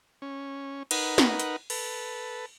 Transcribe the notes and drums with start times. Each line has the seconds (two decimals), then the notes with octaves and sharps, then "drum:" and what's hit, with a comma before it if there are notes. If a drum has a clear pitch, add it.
0.22 C#4
0.91 D#4 A#4 B4 F#5, drum: cymbal
1.18 drum: snare
1.40 drum: hi-hat
1.70 A4 B4, drum: cymbal